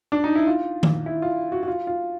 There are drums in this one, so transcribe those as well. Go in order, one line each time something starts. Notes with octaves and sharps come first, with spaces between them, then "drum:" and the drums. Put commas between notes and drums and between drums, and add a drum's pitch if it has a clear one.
D4
D#4
E4
F4
drum: tom
E4
F4
F#4
F#4
F4
F4